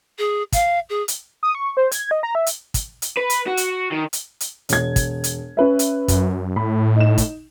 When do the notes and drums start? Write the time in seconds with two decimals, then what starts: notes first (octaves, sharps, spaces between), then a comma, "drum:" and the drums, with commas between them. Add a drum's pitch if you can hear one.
0.18 G#4
0.52 F5, drum: kick, hi-hat
0.89 G#4
1.08 drum: hi-hat
1.43 D#6
1.55 C#6
1.77 C5
1.92 G#6, drum: hi-hat
2.11 D#5
2.23 A#5
2.35 E5
2.46 drum: hi-hat
2.74 drum: kick, hi-hat
3.02 drum: hi-hat
3.17 B4
3.30 drum: hi-hat
3.47 F#4
3.57 drum: hi-hat
3.91 D#3
4.13 drum: hi-hat
4.40 drum: hi-hat
4.69 E1 G#6, drum: hi-hat
4.96 drum: kick, hi-hat
5.24 drum: hi-hat
5.57 C#4 B4 E5
5.79 drum: hi-hat
6.08 F#2, drum: kick, hi-hat
6.56 A2 B5
6.96 D#4 E7
7.18 drum: kick, hi-hat